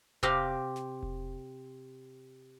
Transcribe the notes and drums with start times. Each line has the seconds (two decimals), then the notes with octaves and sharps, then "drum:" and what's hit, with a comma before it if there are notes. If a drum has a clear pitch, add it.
0.23 C3 C4 G4 F5 G5 A#5, drum: kick E1
0.76 drum: snare
1.03 drum: kick E1